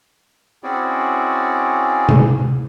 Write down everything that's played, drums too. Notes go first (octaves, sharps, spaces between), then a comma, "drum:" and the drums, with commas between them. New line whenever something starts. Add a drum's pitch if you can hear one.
C4 C#4 E4 F#4 G#4 D5
drum: tom C3